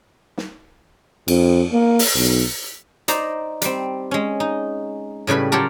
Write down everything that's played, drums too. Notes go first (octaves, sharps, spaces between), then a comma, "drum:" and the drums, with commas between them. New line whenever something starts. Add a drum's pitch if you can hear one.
drum: snare
F2, drum: cymbal
A#3
drum: open hi-hat
B1
D#4 C5 D5 A#5, drum: hi-hat
G3 C4, drum: hi-hat
G#3 C#4
D#4
A2 C#3 G3 B4 B5
F#3 F4 G4 A4 A#4